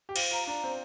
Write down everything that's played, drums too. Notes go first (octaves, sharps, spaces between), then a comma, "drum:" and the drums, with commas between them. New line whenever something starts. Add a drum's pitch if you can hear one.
G4
F4 C5, drum: cymbal
F4 A#5
D4 A#5
C4 C5